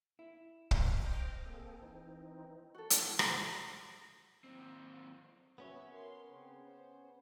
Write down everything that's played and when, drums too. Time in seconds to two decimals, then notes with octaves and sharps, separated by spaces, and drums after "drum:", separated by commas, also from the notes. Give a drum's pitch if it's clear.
0.19 E4
0.71 drum: kick
1.06 C5 D#5 G5 D6 F6
1.46 A#3 C4 G#4 A4
1.82 E3 C4 D#4
2.75 F#4 A4
2.90 drum: hi-hat
3.19 drum: rim click
4.44 D#2 C4
5.58 B3 C#4 F#4 C#5 E5
5.92 A#4 C6
6.30 C#3 C4
6.66 C5